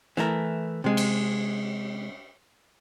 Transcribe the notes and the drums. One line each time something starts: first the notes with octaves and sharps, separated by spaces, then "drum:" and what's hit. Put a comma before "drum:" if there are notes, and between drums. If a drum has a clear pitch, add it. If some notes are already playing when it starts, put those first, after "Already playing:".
E3 A3 E4 A#4, drum: snare
C3 G#3
drum: cymbal